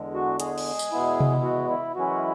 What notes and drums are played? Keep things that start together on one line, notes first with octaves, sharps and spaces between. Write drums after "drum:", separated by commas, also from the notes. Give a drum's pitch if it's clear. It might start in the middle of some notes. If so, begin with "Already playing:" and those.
Already playing: E2 D3 G#3
F#4
G#3 G#4, drum: hi-hat
drum: cymbal
drum: tambourine
E2 B2 G#3 B3 E4
drum: tom C3
F#4
E4
F#2 E3 G#3 C#4 E4 F#4